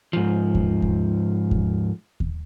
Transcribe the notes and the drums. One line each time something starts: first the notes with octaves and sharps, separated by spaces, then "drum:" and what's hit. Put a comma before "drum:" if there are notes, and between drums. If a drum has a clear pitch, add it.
G#2 F3
drum: kick D#2
drum: kick D#2
drum: kick D#2
drum: kick D#2